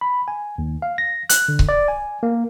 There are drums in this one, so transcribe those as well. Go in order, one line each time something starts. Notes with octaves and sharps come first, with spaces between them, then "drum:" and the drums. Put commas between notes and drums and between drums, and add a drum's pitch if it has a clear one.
B5
G#5
D#2
F5
A#6
F#6, drum: hi-hat
D3
drum: kick C#1
D5
G#5
A#3